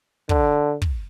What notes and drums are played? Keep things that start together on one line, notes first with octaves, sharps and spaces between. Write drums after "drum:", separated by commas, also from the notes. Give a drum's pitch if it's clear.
D3, drum: kick
drum: kick